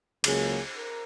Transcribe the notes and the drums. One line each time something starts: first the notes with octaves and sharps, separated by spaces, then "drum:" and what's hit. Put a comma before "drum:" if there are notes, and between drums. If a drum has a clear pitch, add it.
C#2 C#3 F#3 A#3 G#4, drum: cymbal
A#4